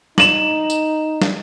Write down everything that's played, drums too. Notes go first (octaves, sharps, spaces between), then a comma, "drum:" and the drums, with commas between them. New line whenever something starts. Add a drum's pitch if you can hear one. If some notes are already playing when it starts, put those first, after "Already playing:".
D#4 E7 F#7, drum: snare
drum: tambourine
drum: snare